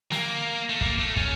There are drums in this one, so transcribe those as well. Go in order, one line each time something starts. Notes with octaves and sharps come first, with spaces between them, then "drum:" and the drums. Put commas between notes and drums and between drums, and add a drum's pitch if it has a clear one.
A#3, drum: snare
A3
A#3, drum: kick
A3
C#4, drum: kick